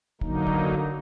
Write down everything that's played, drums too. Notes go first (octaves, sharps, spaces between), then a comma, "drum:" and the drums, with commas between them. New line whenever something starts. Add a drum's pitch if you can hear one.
D3 F#3 A#3 D#4, drum: kick
drum: kick